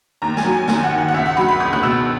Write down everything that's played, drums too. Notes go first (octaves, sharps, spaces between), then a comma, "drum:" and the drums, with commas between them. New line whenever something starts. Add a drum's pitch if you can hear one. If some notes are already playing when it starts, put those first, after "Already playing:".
D#2 A#5
G#5, drum: snare
F#3
G#5
D#2 G#5, drum: snare
F#5
D#3
F#5
F#5
C#2 E5
F#5
F#3 B5
B5
C#2 D#6
F#6, drum: tom
B2 E6